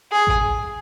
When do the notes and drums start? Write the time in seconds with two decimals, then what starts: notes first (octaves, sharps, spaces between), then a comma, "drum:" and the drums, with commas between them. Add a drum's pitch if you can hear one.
0.12 G#4
0.27 drum: kick A1